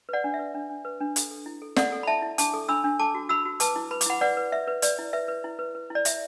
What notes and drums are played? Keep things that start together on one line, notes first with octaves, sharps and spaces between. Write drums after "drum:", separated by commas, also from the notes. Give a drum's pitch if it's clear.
B4 D5 F#5
D4
E5
B4
D4
D4
B4
D4
A4, drum: hi-hat
A4
E4
A4
A4 D5 F#5, drum: snare
A4
B5
E4 E5 A5
E4
D4 A5 D6, drum: hi-hat
A4
D4 B5 E6
D4
A4 A5 D6
F#4
F#4 B5 E6
F#4
B4 A5 D6, drum: hi-hat
E4
B4 B5
D6, drum: hi-hat
E4 F#5 B5
B4 D5 F#5
B4
B4 E5
B4
B4 D5, drum: hi-hat
E4
B4 E5
B4
E4
B4
B4
E4 D5
E4 E5, drum: hi-hat